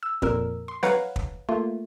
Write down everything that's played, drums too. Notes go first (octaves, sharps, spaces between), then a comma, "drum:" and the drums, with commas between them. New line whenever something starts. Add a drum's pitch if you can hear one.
E6
F2 A#2 A#4 E6, drum: kick
C6
B4 C#5 F5 F#5 A#5, drum: snare
drum: kick
A3 A#3 F4